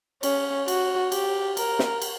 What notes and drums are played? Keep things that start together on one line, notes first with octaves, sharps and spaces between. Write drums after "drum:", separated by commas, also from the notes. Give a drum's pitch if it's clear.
C#4, drum: cymbal
F#4, drum: cymbal
G4, drum: cymbal
A#4, drum: cymbal
drum: snare
drum: cymbal